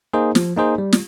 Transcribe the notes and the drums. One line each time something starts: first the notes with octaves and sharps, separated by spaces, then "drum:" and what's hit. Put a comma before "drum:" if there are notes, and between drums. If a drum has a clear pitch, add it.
A#3 D#4 G#4 C5
F3, drum: snare
A#3 D#4 G#4 C5
G3
drum: snare